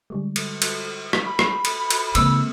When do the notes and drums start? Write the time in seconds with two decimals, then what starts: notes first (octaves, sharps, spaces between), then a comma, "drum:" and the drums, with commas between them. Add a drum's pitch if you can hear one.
0.10 D3 G3 G#3
0.36 drum: cymbal
0.62 drum: cymbal
1.13 drum: rim click
1.26 B5
1.39 drum: rim click
1.65 drum: cymbal
1.90 drum: cymbal
2.15 C#3 E3 G#3 A#3 C4 E6, drum: cymbal